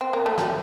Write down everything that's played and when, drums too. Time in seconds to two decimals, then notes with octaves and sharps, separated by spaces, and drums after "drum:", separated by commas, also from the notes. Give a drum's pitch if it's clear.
0.01 C4
0.13 A#3
0.26 A3
0.38 G3, drum: snare